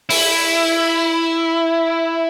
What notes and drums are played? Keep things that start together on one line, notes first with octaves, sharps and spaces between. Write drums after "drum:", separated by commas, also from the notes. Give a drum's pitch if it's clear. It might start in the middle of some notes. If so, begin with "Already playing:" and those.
E4, drum: open hi-hat